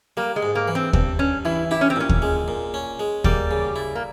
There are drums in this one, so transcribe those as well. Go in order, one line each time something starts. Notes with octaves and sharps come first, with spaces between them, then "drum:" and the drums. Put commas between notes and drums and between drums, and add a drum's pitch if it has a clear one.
G3 A#3
G#3
G#2
A#3
E3
C4
G2 C4, drum: kick D#2
G2 C#4
E3 E4
E4 G4
C#4
C4
A#2 C#4
drum: kick D#2
G#3
A#2
C#4
G#3
G3 A#3, drum: kick D#2
C#3
E4
A#3